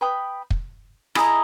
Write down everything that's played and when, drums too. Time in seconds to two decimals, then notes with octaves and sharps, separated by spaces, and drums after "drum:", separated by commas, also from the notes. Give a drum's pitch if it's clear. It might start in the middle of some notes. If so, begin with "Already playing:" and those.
0.01 B4 G5 B5 D#6
0.51 drum: kick
1.15 E4 G#4 D#5 A#5, drum: rim click